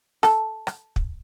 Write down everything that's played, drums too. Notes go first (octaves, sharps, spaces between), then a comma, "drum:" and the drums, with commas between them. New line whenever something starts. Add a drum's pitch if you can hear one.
A4, drum: rim click
drum: rim click
drum: kick